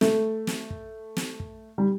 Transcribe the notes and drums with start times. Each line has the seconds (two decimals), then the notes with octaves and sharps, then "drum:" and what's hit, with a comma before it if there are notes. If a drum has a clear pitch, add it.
0.01 A3, drum: snare
0.47 drum: snare
0.70 drum: kick
1.17 drum: snare
1.40 drum: kick
1.78 G3